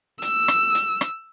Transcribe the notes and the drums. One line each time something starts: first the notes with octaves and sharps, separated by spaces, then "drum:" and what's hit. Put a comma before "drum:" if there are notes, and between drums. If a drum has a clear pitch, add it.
E6, drum: hi-hat
drum: rim click
drum: hi-hat
drum: rim click